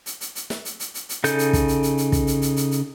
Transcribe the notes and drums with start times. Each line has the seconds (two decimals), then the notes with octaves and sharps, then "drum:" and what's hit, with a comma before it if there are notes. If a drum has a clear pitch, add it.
0.06 drum: hi-hat
0.21 drum: hi-hat
0.35 drum: hi-hat
0.50 drum: snare
0.65 drum: hi-hat
0.80 drum: hi-hat
0.94 drum: hi-hat
1.09 drum: hi-hat
1.24 C#3 D#4 A4 G6, drum: hi-hat
1.39 drum: hi-hat
1.53 drum: kick, hi-hat
1.68 drum: hi-hat
1.83 drum: hi-hat
1.98 drum: hi-hat
2.12 drum: kick, hi-hat
2.27 drum: hi-hat
2.42 drum: hi-hat
2.57 drum: hi-hat
2.71 drum: hi-hat